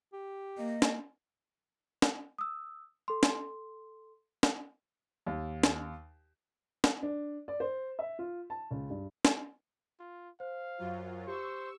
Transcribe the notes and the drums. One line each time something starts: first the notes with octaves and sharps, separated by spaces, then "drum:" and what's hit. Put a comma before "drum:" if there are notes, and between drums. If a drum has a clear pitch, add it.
G4
A#3 D#5
drum: snare
drum: snare
D#6 E6
A4 C6
drum: snare
drum: snare
D#2
drum: snare
drum: snare
D4
D5
C5
E5
F4
A5
C#2
G2
drum: snare
F4
C5 F5
F#2 F#3 F4
G4 C5 C#6 E6